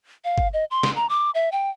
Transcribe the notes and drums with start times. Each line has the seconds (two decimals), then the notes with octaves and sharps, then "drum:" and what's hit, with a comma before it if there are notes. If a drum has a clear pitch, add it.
0.24 F5
0.38 drum: kick G1
0.53 D#5
0.71 C6
0.83 drum: snare
0.96 A#5
1.10 D6
1.35 E5
1.52 G5